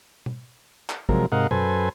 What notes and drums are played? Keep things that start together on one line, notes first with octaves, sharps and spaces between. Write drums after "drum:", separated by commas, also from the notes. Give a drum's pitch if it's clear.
drum: tom B2
drum: clap
C3 F3 F#3 G#3 A#4, drum: kick
G#2 C3 A#4 D#5 F5 F#5
F#2 A4 B4 C5 G#5, drum: tom B2